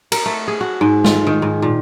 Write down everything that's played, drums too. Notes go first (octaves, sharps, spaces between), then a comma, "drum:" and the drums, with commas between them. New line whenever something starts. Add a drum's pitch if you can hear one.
A#4, drum: cymbal
A3
G#4
F#4
G#2
F4, drum: snare
D#3
G#2
A#2